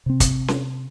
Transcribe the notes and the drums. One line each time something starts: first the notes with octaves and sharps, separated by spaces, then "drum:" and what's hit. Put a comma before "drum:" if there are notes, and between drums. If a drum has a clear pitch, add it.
C3 C4
drum: kick, hi-hat
drum: snare C#4